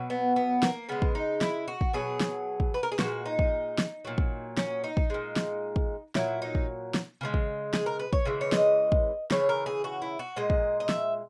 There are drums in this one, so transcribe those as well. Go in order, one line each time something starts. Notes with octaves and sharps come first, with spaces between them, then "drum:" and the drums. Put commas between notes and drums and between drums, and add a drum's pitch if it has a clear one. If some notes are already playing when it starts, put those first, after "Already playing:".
Already playing: B2 F#3
B3
B3
A#3, drum: snare
C#3 G#3 B3
drum: kick
D#4
E4, drum: snare
F#4
drum: kick
B2 F#3 G#4
drum: snare
drum: kick
B4
A#4
G#4
A#2 G#3 F#4, drum: snare
D#4
drum: kick
drum: snare
A#2 F#3
drum: kick
C#4, drum: snare
D#4
drum: kick
A#2 G#3
drum: snare
drum: kick
A#2 F#3 E4, drum: snare
D#4
drum: kick
drum: snare
C#3 E3 G#3
drum: kick
G#4, drum: snare
A#4
B4
C#5, drum: kick
C#3 E3 G#3
C#5
D#5, drum: snare
drum: kick
C#3 E3 C#5, drum: snare
A#4
G#4
F#4
E4
F#4
A#2 G#3 D#5
drum: kick
D#5
E5, drum: snare